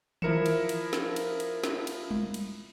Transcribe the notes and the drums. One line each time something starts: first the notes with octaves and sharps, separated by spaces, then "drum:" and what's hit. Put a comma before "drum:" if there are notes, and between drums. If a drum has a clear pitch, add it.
F3 E4 A#4 C#7 E7, drum: tom D#3
drum: cymbal
drum: cymbal
drum: snare
drum: cymbal
drum: cymbal
drum: snare
drum: cymbal
drum: tom G3
drum: cymbal